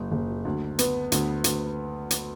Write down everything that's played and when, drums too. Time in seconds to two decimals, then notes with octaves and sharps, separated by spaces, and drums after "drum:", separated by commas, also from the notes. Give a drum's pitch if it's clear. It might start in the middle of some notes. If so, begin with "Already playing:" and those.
Already playing: F#1
0.12 F#1
0.45 D2
0.79 B3, drum: hi-hat
1.12 D2, drum: hi-hat
1.44 D2, drum: hi-hat
2.11 drum: hi-hat